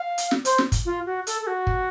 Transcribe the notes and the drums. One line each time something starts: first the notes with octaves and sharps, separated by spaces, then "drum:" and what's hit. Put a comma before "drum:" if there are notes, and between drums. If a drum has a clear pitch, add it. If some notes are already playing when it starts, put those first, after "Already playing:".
Already playing: F5
drum: hi-hat
drum: snare
C5, drum: hi-hat
drum: snare
drum: kick, hi-hat
F4
F#4
A4, drum: hi-hat
A4
F#4
drum: kick